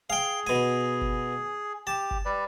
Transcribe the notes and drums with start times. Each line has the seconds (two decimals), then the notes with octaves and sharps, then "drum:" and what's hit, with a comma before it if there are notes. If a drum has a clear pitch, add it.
0.10 G#4 F5 G5
0.47 B2 G#5
1.01 drum: kick
1.87 G4 A5
2.11 drum: kick
2.25 G3 B4 D5